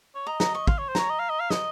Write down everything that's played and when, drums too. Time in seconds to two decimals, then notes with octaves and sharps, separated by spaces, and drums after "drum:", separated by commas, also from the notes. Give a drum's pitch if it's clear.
0.15 C#5
0.27 D#5 A#5
0.40 A#5, drum: snare
0.55 C#6
0.67 F5 C6, drum: kick
0.78 C#5
0.89 C5
0.95 C#5 A#5, drum: snare
1.09 D#5
1.19 F5
1.30 D#5
1.40 F5
1.50 D#5, drum: snare